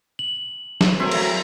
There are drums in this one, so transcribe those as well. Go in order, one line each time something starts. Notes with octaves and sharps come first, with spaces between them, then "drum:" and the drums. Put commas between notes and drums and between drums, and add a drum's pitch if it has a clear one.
F#7
drum: snare
F#3 A3 C4 E4 G#4 A#4 C5 E5
drum: cymbal